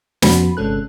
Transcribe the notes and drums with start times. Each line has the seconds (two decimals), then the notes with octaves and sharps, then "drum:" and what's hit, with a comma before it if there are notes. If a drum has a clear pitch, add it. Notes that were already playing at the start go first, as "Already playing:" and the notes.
0.22 F2 F3 B3 C#4 F#4 B5, drum: snare
0.57 G1 C3 G#3 C#4 A4 F#6